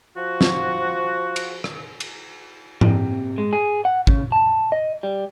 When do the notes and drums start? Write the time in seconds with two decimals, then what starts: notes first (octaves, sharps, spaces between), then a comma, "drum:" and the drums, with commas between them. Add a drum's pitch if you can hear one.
0.16 F3 F#4
0.41 drum: snare
1.36 drum: cymbal
1.64 drum: rim click
2.00 drum: cymbal
2.81 C3, drum: tom G#2
3.38 G#3
3.53 G#4
3.85 F#5
4.07 C#3, drum: kick
4.32 A5
4.72 D#5
5.03 G3